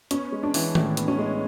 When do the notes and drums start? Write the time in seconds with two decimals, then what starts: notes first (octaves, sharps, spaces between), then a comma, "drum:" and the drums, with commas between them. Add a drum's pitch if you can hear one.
0.11 B3 C#4, drum: hi-hat
0.32 G#3
0.43 D4
0.54 E3, drum: open hi-hat
0.75 A2, drum: tom D#3
0.97 B3, drum: hi-hat
1.08 C#4
1.19 G#3